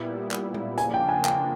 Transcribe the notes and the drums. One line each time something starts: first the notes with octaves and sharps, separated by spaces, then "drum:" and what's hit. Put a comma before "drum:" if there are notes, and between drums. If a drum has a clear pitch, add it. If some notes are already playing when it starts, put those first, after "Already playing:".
Already playing: A#2 G3 B3 E4
drum: clap
drum: tom G#3
C#3 F3 A#3 D4 G#5, drum: hi-hat
G5
G#5
G5, drum: clap